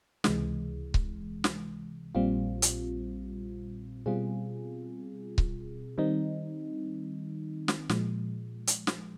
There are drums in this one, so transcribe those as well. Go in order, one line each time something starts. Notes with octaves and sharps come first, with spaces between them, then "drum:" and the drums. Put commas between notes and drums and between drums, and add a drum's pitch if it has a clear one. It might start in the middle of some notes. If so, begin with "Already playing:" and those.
C#2 C3 E3 G#3, drum: snare
drum: kick C#1
drum: snare
A#1 A#2 G3 C4 F4
drum: hi-hat
B2 G3 C4 F4 G#4
drum: kick C#1
D#3 G3 C4 D#4
drum: snare
A#2 F3 G#3, drum: snare
drum: hi-hat
drum: snare